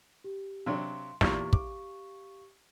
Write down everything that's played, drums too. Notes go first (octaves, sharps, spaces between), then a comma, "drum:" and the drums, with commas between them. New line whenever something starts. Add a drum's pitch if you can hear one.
G4
C3 F#3 D4 F5 C6
E2 A#2 G4 F5 C6 C#6, drum: snare
D6, drum: kick